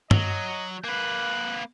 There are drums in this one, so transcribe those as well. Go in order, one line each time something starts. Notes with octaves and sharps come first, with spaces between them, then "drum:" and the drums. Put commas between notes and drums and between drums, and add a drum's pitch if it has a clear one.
F#3 D#5, drum: tom
A#3 B4 F#6